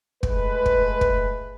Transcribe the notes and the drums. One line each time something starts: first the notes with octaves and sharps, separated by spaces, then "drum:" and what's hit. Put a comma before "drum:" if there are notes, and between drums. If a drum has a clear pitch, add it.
G#3 A3 B4, drum: kick
drum: kick
drum: kick